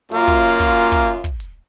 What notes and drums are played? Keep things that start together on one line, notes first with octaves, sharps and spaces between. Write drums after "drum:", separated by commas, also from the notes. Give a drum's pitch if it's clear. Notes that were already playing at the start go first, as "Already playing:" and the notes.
F#2 A#3 F4, drum: hi-hat
drum: kick, hi-hat
drum: hi-hat
drum: kick, hi-hat
drum: hi-hat
drum: kick, hi-hat
drum: hi-hat
drum: kick, hi-hat
drum: hi-hat